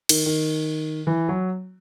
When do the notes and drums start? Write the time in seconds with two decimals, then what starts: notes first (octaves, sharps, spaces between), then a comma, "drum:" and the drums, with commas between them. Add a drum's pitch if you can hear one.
0.09 D#3, drum: cymbal
0.26 D#3
1.07 E3
1.29 F#3